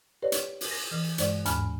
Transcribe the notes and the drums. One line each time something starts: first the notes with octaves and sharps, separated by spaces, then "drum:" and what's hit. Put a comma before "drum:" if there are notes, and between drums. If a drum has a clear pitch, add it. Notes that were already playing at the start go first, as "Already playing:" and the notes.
G4 B4 C#5 D5
drum: hi-hat
drum: open hi-hat
A#6
E3
G2 G#3 C5 D5, drum: hi-hat
D#2 G#2 G#5 A5 B5 F6, drum: hi-hat